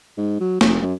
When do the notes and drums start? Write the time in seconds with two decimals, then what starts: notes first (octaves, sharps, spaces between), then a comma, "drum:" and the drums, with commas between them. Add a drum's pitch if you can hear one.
0.17 G#2
0.40 F#3
0.61 F1, drum: snare
0.82 F#2